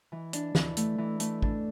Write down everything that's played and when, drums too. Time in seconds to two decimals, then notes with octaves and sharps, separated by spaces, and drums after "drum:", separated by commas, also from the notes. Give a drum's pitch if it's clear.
0.12 E3
0.33 D4, drum: hi-hat
0.55 E3, drum: snare
0.77 A3, drum: hi-hat
0.98 E3
1.20 A3, drum: hi-hat
1.42 D4, drum: kick